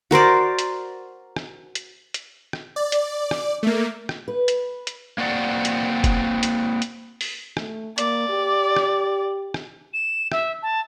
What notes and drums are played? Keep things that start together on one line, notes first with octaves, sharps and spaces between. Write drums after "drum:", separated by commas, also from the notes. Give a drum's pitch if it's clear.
F#4 A#4 C5 D5
drum: hi-hat
drum: rim click
drum: hi-hat
drum: hi-hat
drum: rim click
D5
drum: hi-hat
drum: rim click
A3 A#3
drum: rim click
B4
drum: hi-hat
drum: hi-hat
A#3 C4 F#4 D5 F#5
drum: hi-hat
drum: kick F#1, hi-hat
drum: hi-hat
drum: hi-hat
drum: open hi-hat
A3, drum: rim click
A#3 D5, drum: hi-hat
G4
drum: rim click
drum: rim click
E7
E5, drum: rim click
A5